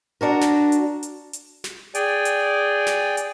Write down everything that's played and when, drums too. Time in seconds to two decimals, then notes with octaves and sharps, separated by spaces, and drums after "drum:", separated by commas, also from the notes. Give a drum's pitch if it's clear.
0.21 D4 F#4 A#4
0.41 drum: snare
0.72 drum: hi-hat
1.03 drum: hi-hat
1.33 drum: hi-hat
1.64 drum: snare
1.95 G#4 D5 G5 G#5, drum: hi-hat
2.25 drum: hi-hat
2.87 drum: snare
3.17 drum: hi-hat